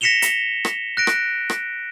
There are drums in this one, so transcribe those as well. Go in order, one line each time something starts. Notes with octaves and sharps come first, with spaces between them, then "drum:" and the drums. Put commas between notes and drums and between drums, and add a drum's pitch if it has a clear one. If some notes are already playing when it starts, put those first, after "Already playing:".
A#6 B6 C#7 E7 F7 G7
drum: hi-hat
drum: rim click
F#6 A#6 D7
drum: rim click
drum: rim click